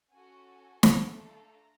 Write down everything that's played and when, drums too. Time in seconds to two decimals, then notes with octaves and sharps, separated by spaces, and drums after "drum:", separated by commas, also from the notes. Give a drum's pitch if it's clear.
0.11 C#4 F#4 A4 G#5
0.47 G#5
0.83 A3 D4 F4 A4, drum: snare
1.19 A#5